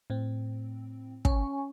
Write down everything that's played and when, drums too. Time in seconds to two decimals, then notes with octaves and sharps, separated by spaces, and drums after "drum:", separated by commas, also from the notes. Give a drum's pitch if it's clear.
0.10 A2 C4
1.25 C#4, drum: kick